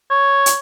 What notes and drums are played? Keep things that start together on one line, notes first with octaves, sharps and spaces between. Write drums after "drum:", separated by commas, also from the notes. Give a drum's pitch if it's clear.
C#5
drum: hi-hat